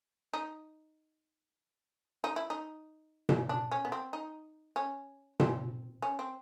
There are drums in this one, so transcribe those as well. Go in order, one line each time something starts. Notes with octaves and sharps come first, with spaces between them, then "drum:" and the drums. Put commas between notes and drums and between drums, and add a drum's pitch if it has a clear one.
D#4
D#4
E4
D#4
drum: tom B2
D4
C#4
B3
C4
D#4
C#4
C4, drum: tom B2
C#4
C4